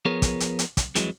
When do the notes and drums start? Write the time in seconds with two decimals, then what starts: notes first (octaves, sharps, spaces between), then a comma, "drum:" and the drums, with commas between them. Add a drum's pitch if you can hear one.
0.05 F3 B3 G#4 A#4 C#5
0.22 drum: kick, hi-hat
0.40 drum: hi-hat
0.59 drum: hi-hat
0.77 drum: kick, hi-hat
0.95 F2 E3 F#3 G#3, drum: hi-hat